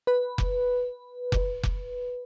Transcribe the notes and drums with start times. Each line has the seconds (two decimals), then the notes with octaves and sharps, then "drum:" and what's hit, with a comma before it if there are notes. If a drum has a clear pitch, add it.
0.07 B4
0.38 drum: kick F1
1.32 drum: kick F1
1.63 drum: kick F1